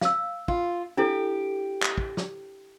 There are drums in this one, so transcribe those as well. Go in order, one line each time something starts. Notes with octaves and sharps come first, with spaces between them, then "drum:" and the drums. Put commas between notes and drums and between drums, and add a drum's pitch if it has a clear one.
F5 E6, drum: snare
F4, drum: kick
D4 E4 G4 A4
drum: clap
drum: kick
drum: snare